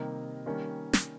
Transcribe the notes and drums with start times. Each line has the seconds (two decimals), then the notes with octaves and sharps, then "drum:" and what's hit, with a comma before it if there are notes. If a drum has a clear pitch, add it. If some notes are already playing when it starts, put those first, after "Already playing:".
Already playing: C3 D#3 G3 A#3 D#4
0.46 D#3 G3 A#3 C#4
0.93 drum: snare